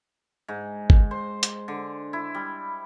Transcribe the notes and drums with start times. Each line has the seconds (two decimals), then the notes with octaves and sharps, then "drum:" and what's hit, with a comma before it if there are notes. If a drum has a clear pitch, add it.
0.48 G#2
0.90 drum: kick
1.11 C5
1.43 drum: hi-hat
1.68 D3
2.13 E4
2.35 G3